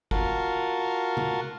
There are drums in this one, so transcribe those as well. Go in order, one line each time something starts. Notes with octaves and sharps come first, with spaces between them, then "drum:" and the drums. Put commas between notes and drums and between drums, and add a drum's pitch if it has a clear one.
F4 F#4 A#4 A5, drum: kick
drum: tom C3